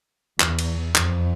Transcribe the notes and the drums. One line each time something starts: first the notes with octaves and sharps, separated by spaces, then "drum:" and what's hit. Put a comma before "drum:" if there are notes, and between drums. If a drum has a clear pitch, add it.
E2, drum: clap
drum: cymbal
F2, drum: clap